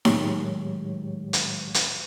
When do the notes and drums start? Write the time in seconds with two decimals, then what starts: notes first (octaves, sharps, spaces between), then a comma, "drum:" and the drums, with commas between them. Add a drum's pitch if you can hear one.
0.05 A2 D#3 F#3 G#3 G4 C#5, drum: snare D#4
1.33 drum: hi-hat
1.74 drum: hi-hat